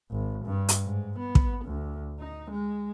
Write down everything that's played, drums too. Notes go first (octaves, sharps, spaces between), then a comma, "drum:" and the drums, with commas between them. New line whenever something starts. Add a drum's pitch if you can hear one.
G#1
G2
drum: hi-hat
G#2
B3
drum: kick
D2
D#4
G#3